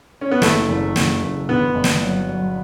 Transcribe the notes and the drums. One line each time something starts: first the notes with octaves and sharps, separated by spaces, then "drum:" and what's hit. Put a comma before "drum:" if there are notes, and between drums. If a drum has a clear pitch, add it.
C#4
B3
F#1 A3, drum: snare
F#1
F#1, drum: snare
F#1
D3 B3
G1
drum: snare
F#3
F#3